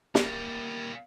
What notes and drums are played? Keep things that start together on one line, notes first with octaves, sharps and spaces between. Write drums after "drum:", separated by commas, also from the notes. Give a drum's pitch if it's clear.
G3 A#3, drum: snare